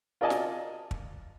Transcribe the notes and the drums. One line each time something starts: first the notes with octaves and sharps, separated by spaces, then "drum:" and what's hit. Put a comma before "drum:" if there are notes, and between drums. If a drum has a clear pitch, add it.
F4 A#4 D5 D#5 G#5 A5
drum: snare
drum: kick